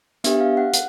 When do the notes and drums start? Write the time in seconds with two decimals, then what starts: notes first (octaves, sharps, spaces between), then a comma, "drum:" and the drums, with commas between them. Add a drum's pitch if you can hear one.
0.24 B3 D4 G4 E5, drum: hi-hat
0.41 F5
0.57 F#5
0.73 F#5, drum: hi-hat